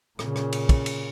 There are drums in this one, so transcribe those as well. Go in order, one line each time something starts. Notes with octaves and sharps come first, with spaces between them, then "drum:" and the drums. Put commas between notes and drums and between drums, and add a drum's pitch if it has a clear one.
A#2 C#3, drum: rim click
drum: rim click
drum: cymbal
drum: kick, cymbal
drum: cymbal